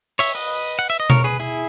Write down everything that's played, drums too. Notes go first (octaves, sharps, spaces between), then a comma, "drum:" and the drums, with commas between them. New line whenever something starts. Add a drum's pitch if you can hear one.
C#5 E5, drum: open hi-hat
B4 D#5
F#5
E5
D#5
A#4 C#5, drum: tom B2
G#4 B4
E4 G#4